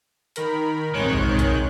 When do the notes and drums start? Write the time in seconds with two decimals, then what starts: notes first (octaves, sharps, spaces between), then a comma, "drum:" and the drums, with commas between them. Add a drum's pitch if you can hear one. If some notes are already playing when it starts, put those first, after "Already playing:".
0.36 D#3 A#4 B5, drum: hi-hat
0.94 A#1 G#2 C3 D#3 G#3 C#5 F#6
1.13 drum: kick B1
1.39 drum: kick B1, hi-hat